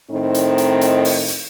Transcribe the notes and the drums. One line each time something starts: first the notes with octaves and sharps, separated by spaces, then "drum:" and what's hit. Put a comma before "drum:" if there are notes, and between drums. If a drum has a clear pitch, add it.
A2 D#3 C4 D#4
drum: hi-hat
drum: hi-hat
drum: hi-hat
drum: open hi-hat
drum: hi-hat